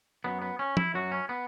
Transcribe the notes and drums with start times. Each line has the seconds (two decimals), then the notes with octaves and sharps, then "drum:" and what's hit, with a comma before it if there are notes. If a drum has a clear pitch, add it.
0.24 F#2 F#3 B3
0.42 B3
0.59 C#4
0.77 E4, drum: tom
0.94 F#2 F#3 F#4
1.12 C#4
1.29 B3